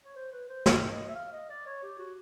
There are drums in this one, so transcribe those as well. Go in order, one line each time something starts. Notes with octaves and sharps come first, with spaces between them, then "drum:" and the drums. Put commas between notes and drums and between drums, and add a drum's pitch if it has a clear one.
C#5
C5
B4
C5
C#5, drum: snare
E5
D#5
E5
F5
D#5
D5
C#5
G4
F#4